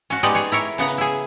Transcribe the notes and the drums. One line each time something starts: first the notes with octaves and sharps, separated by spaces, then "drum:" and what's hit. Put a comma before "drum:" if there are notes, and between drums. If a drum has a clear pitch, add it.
C#4 F#4, drum: hi-hat
G#3 B3 D#4 G4 D5 D#5, drum: hi-hat
G#4 C#5
E4 A#4 C#5
C#3 B3 F#5 A#5
drum: hi-hat
E4 G#4